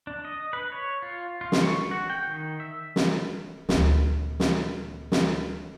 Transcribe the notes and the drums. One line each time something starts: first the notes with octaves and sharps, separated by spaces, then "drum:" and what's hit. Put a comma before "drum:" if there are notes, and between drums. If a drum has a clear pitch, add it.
D4
D#5
B4
C#5
F4
F4
drum: snare
C#6
F#4
G5
D#3
E5
drum: snare
D2 A#2, drum: snare
drum: snare
drum: snare